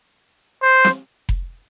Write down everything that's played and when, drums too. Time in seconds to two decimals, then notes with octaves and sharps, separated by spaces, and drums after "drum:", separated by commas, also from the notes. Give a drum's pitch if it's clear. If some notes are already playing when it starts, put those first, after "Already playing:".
0.62 C5
0.85 drum: snare
1.29 drum: kick F1